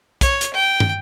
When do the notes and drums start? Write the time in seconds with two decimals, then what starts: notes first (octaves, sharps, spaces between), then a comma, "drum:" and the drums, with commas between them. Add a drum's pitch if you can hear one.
0.21 C#5, drum: kick, hi-hat
0.41 drum: hi-hat
0.53 G5
0.80 drum: tom